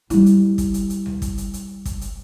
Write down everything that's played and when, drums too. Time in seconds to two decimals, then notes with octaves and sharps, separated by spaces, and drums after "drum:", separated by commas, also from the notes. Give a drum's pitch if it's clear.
0.10 G3 E4, drum: hi-hat
0.26 drum: hi-hat
0.58 drum: kick, hi-hat
0.74 drum: hi-hat
0.90 drum: hi-hat
1.06 drum: tom C#2
1.22 drum: kick, hi-hat
1.38 drum: hi-hat
1.54 drum: hi-hat
1.85 drum: kick, hi-hat
2.01 drum: hi-hat